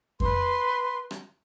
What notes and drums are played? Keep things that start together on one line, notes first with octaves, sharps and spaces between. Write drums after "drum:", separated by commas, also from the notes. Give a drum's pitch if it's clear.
B4 C6, drum: kick F2
drum: rim click